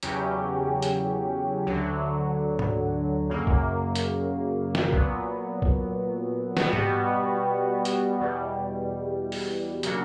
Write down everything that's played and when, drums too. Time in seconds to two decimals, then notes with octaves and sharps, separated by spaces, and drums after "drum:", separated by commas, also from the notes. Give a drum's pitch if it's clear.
0.03 E2 C#3 F#3 C#4 G4, drum: hi-hat
0.82 drum: hi-hat
1.67 D2 D3 F#3
2.59 drum: tom G#2
3.30 F#2 C#3 F#3 A#3
3.47 drum: kick
3.95 drum: hi-hat
4.75 drum: snare
4.93 A#2 F#3 B3, drum: kick
5.62 drum: kick
6.57 B2 G3 B3 F#4, drum: snare
6.73 drum: tom G#2
7.85 drum: hi-hat
8.20 E2 B2 G3
9.32 drum: open hi-hat
9.83 C#3 F#3 A#3 D4 F#4, drum: hi-hat